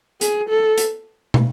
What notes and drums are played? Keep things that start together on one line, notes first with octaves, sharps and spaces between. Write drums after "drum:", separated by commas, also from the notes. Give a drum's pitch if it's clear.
G#4, drum: hi-hat
A4
drum: hi-hat
drum: tom